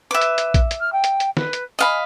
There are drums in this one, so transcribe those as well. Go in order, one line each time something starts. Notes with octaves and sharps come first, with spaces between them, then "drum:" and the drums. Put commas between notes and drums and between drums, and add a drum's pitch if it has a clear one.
B4 E5 D6
drum: hi-hat
drum: hi-hat
drum: kick A#1, hi-hat
drum: hi-hat
F6
G5
drum: hi-hat
drum: hi-hat
B4, drum: snare
drum: hi-hat
D#5 F5 G#5 B5